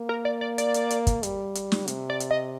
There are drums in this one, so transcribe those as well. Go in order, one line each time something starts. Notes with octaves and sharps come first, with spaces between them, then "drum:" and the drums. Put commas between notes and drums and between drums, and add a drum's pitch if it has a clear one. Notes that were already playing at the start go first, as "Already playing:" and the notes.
Already playing: A#3
A#4
D5
D5
D5, drum: hi-hat
drum: hi-hat
drum: hi-hat
drum: kick, hi-hat
G3, drum: hi-hat
drum: hi-hat
drum: snare
C3, drum: hi-hat
D5
drum: hi-hat
D#5